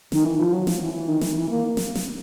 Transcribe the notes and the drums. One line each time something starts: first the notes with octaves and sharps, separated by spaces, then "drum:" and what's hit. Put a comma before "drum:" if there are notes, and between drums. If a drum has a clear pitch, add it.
D#3, drum: snare
E3
F3
F#3
F3, drum: snare
E3
E3
D#3
E3, drum: snare
E3
A#3
drum: snare
drum: snare